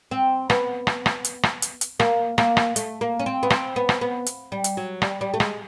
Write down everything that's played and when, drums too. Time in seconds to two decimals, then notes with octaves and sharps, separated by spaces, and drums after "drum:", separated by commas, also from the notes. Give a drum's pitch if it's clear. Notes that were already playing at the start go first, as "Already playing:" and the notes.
0.11 C4
0.50 B3, drum: rim click
0.87 drum: rim click
1.06 drum: rim click
1.25 drum: hi-hat
1.43 drum: rim click
1.62 drum: hi-hat
1.81 drum: hi-hat
2.00 A#3, drum: rim click
2.38 A#3, drum: rim click
2.57 drum: rim click
2.76 A3, drum: hi-hat
3.01 A#3
3.19 C#4
3.26 C4
3.43 B3
3.50 C4, drum: rim click
3.76 B3
3.89 drum: rim click
4.01 B3
4.26 drum: hi-hat
4.52 G3
4.64 drum: hi-hat
4.77 F#3
5.02 G3, drum: rim click
5.21 G3
5.34 A3
5.40 G#3, drum: rim click